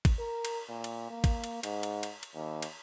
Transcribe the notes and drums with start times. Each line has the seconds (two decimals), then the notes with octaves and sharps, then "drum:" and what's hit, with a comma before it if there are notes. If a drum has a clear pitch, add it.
0.05 drum: kick, cymbal
0.19 A#4
0.45 drum: cymbal
0.69 A#2
0.84 drum: cymbal
1.10 A#3
1.24 drum: kick, cymbal
1.44 drum: cymbal
1.63 G#2, drum: cymbal
1.83 drum: cymbal
2.03 drum: cymbal
2.23 drum: cymbal
2.35 D#2
2.62 drum: cymbal